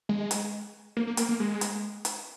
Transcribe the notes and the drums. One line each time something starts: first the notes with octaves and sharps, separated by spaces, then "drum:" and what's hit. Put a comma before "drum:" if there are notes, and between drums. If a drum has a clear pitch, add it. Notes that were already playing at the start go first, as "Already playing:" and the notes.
G#3
drum: hi-hat
A#3
A#3
A#3, drum: hi-hat
A#3
G#3
drum: hi-hat
drum: hi-hat